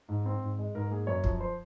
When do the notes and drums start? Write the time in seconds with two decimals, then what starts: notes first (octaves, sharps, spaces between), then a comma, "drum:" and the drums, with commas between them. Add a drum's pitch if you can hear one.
0.09 G#2
0.26 C4
0.42 G#2
0.59 G#3
0.75 G#2 A#4
0.91 A#3 G#4
1.07 F#2 C#5
1.24 F3, drum: kick
1.40 C5